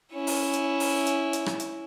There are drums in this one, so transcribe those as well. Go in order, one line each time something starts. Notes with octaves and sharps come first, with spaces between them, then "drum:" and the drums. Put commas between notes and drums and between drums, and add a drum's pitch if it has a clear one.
C#4 E4
drum: open hi-hat
drum: hi-hat
drum: open hi-hat
drum: hi-hat
drum: hi-hat
drum: rim click
drum: hi-hat